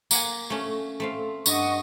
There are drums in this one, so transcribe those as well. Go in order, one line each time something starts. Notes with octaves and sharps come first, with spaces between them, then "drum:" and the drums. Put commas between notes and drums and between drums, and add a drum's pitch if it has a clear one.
A#3 F#5 G#5, drum: tambourine
A3 C#4
A3 C4 F5
G2 D#5 F#5 C#6, drum: tambourine